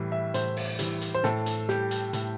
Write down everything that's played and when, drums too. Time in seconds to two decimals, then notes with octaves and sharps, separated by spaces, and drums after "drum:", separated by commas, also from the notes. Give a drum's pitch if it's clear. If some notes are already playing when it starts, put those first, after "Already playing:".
Already playing: A2 E3 G3
0.12 E5
0.34 A2 C5, drum: hi-hat
0.57 drum: open hi-hat
0.79 E3 G3, drum: hi-hat
1.01 drum: hi-hat
1.14 C5
1.24 A2 A4, drum: snare
1.46 drum: hi-hat
1.69 G3 G4, drum: snare
1.91 drum: hi-hat
2.13 A2, drum: hi-hat